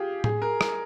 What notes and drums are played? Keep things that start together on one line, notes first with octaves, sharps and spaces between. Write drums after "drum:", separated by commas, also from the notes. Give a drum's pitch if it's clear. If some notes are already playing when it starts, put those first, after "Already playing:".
Already playing: F4 G4 G#4
G#4, drum: tom A2
A#4
drum: rim click